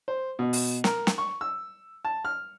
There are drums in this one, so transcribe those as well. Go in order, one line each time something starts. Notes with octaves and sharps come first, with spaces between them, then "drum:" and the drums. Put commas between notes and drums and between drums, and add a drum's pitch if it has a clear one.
C5
B2
drum: open hi-hat
A#4, drum: snare
drum: snare
C#6
E6
A5
F6